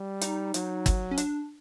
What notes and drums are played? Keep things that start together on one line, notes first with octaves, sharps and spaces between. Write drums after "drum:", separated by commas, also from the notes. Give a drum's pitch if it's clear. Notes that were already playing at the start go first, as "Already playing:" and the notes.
Already playing: G3
D#4, drum: hi-hat
F#3, drum: hi-hat
drum: kick G1, hi-hat
C#4
D4, drum: hi-hat